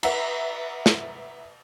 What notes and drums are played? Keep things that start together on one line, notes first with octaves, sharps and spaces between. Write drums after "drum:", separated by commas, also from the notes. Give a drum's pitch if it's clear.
B4 E5 F#5 A#5, drum: cymbal
drum: snare